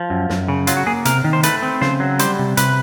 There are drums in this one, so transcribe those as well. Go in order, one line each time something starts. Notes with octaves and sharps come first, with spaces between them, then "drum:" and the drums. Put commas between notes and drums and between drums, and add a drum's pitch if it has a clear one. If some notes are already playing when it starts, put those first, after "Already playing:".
Already playing: F3
F#2
F#2, drum: snare
C#3
F#3 F4, drum: hi-hat
F#4
A#3 G#4
C3 A#4, drum: hi-hat
D#3
C5
A3 B4, drum: hi-hat
C4
C#3 C5, drum: snare
F#3
G3 C5, drum: hi-hat
C3
C3 B4, drum: hi-hat